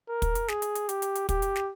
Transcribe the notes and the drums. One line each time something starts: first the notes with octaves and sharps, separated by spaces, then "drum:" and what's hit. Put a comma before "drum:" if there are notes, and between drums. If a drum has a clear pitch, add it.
A#4
drum: kick, hi-hat
drum: hi-hat
G#4, drum: snare
drum: hi-hat
drum: hi-hat
G4, drum: hi-hat
drum: hi-hat
drum: hi-hat
G4, drum: kick, hi-hat
drum: hi-hat
drum: snare